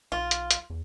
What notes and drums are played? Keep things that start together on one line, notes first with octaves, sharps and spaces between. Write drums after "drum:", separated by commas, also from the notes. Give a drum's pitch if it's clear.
B1 F4
drum: hi-hat
drum: hi-hat
E2